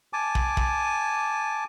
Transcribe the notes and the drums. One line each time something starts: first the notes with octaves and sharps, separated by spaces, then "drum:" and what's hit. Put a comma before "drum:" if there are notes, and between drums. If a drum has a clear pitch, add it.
G#5 A5 D6
drum: kick
drum: kick